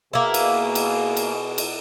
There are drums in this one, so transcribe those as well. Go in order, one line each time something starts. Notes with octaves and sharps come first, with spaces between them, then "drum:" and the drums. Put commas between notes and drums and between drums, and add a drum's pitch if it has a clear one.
B2 A#3 E4 G#4
drum: cymbal
drum: cymbal
drum: cymbal
drum: cymbal